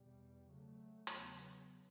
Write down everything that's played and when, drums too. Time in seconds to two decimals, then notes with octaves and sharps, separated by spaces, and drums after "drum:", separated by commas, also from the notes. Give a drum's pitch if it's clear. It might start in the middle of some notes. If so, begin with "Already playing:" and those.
Already playing: E2 B2 G3
0.48 C#3 F#3 A3
1.07 E2 C#3 F#3 B3, drum: hi-hat